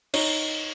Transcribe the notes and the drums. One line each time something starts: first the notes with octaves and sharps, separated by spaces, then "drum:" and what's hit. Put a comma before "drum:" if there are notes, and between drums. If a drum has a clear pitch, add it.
D#4 C#5, drum: cymbal